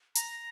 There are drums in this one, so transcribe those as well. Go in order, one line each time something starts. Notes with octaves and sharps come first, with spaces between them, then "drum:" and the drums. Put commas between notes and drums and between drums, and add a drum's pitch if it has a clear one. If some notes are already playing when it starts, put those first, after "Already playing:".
A#5, drum: hi-hat